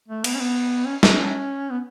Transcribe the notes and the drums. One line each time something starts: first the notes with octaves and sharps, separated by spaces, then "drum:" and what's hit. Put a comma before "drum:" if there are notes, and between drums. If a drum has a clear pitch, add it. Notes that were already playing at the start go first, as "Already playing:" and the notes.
A3
B3, drum: cymbal
C#4
B3
C#4
C#4, drum: snare
B3